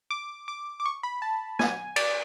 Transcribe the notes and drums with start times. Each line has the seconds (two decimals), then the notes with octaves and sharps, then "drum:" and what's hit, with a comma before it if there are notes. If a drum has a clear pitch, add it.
0.11 D6
0.48 D6
0.80 D6
0.86 C#6
1.03 B5
1.22 A5
1.59 G#5, drum: snare
1.96 D5, drum: cymbal